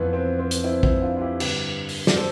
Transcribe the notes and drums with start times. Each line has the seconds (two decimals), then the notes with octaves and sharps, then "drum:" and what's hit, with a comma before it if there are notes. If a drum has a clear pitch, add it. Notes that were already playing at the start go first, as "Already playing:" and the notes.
Already playing: F2 E3 B3
0.13 C4
0.39 C4
0.51 drum: hi-hat
0.64 C4 E4
0.83 C4 E4, drum: kick
1.02 D4 F4
1.17 F4
1.21 E4 G4
1.40 G2 D3 G4 B4, drum: cymbal
1.89 drum: open hi-hat
2.07 D5, drum: snare
2.16 A4 C5